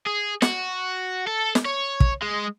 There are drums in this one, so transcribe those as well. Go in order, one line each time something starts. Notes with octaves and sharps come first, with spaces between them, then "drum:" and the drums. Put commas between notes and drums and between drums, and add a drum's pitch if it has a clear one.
G#4
F#4, drum: snare
A4
drum: snare
C#5
drum: kick
G#3